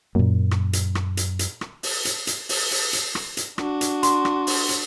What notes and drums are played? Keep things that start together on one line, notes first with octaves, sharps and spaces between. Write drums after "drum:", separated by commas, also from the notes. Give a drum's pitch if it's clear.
F#2 A#2 A#3
drum: rim click
drum: hi-hat
drum: rim click
drum: hi-hat
drum: hi-hat
drum: rim click
drum: open hi-hat
drum: hi-hat
drum: hi-hat
drum: open hi-hat
drum: open hi-hat
drum: hi-hat
drum: rim click
drum: hi-hat
D4 F#4, drum: rim click
drum: hi-hat
C6, drum: hi-hat
drum: rim click
drum: open hi-hat
drum: hi-hat